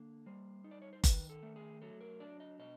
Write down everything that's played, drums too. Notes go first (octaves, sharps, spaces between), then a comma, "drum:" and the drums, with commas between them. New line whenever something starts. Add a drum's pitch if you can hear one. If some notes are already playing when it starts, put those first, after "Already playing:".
Already playing: D3 A#3
G3 C5
D#4
D5
C#5
C5
D#3 B4, drum: kick F#1, hi-hat
A4
A3
G#4
F#3 A4
A#4
D4 D5
D#5
B2 D#5